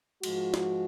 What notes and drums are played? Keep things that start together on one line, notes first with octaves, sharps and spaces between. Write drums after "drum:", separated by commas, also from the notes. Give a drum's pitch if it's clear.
G#2 F3 G#3 F#4, drum: cymbal
drum: snare